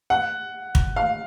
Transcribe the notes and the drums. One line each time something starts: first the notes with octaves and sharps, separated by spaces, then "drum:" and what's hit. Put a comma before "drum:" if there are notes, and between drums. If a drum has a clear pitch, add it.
F#5
drum: kick
F5